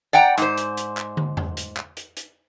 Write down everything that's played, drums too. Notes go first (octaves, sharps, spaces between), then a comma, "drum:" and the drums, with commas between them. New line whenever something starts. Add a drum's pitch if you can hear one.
D5 F#5 G5 A#5
G#2 C5, drum: hi-hat
drum: hi-hat
drum: hi-hat
drum: clap
drum: tom
drum: tom E2
drum: hi-hat
drum: clap
drum: hi-hat
drum: hi-hat